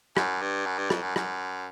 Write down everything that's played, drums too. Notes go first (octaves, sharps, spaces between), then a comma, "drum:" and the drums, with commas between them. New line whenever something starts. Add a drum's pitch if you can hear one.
F#2, drum: rim click
G2
F#2
G2
F2, drum: rim click
F#2
F#2, drum: rim click